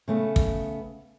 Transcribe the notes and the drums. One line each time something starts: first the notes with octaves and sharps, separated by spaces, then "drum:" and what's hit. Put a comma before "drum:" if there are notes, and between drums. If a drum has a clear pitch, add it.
C#3 A3 B3
drum: kick